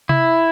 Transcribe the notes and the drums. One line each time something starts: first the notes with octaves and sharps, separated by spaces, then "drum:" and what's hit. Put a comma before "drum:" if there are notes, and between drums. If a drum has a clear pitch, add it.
E4, drum: tom C3